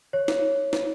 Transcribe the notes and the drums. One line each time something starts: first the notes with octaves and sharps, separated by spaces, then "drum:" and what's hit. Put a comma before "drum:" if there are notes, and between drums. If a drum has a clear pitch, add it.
C#5
drum: snare
drum: snare